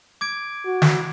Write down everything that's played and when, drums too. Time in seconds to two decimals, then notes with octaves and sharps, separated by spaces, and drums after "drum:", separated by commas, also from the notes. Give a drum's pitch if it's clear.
0.21 D6 G#6 D7
0.65 F#4
0.82 drum: snare